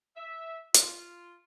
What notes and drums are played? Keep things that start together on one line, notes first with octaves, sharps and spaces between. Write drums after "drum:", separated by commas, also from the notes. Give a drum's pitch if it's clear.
E5
F4, drum: hi-hat